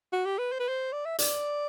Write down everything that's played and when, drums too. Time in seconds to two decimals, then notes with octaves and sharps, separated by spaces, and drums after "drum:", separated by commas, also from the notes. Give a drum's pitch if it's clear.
0.12 F#4
0.25 G4
0.38 B4
0.52 C5
0.60 B4
0.68 C5
0.93 D5
1.05 E5
1.19 D5, drum: hi-hat